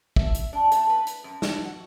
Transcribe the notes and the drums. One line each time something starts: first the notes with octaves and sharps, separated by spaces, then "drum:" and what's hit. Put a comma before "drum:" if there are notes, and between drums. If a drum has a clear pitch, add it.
E5, drum: kick
drum: hi-hat
D4
A3, drum: hi-hat
B4
drum: hi-hat
F#2
E3, drum: snare
F#4